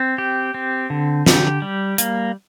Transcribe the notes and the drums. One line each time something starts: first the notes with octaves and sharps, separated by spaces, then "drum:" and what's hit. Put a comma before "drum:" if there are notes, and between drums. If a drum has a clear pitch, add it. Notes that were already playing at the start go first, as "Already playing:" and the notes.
Already playing: C4
G4
C4
D3
G4, drum: snare
G3
A#3, drum: hi-hat